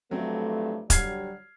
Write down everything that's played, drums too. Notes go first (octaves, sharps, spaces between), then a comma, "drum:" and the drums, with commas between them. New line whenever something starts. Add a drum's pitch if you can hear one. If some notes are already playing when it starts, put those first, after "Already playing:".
G2 F3 F#3 A3 C4
D3 F#3 G3 F6 G#6 C7, drum: kick, hi-hat